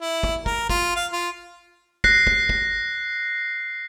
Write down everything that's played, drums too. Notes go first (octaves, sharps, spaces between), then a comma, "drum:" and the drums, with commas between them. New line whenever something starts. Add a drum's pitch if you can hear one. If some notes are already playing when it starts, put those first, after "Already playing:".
E4
drum: kick
A#4, drum: kick
F4, drum: kick
F5
F4
F#6 A#6 C7, drum: kick
drum: kick
drum: kick